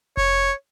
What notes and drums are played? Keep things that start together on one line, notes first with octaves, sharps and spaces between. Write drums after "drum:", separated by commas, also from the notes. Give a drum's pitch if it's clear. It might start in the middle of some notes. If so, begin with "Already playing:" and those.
C#5, drum: kick F1